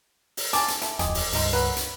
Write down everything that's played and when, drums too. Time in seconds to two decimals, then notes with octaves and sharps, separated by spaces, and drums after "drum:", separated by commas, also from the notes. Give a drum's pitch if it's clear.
0.37 drum: open hi-hat
0.53 F4 G#5 A5 D6, drum: hi-hat
0.68 drum: hi-hat
0.82 E4 A4, drum: hi-hat
0.99 D1 F2 G#3 G4 G#4, drum: hi-hat
1.15 drum: open hi-hat
1.33 C#2 G2 D3 D#4 C6, drum: open hi-hat
1.53 F#3 A#3 B4
1.77 drum: hi-hat